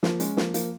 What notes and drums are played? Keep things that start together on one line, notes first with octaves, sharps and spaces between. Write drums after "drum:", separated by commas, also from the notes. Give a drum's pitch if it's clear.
F3 A#3, drum: snare
G#3 C#4, drum: hi-hat
F3 A#3, drum: snare
F3 A#3, drum: hi-hat